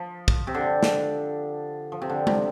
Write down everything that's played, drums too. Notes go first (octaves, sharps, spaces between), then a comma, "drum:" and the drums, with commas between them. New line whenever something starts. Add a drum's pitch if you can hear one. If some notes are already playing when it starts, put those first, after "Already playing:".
Already playing: F3
drum: kick
C3
D3
drum: snare
F3
C3
D3
C3, drum: tom G#3